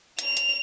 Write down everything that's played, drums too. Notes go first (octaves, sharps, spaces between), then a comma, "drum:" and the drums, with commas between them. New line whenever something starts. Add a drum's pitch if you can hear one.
F7, drum: hi-hat
drum: hi-hat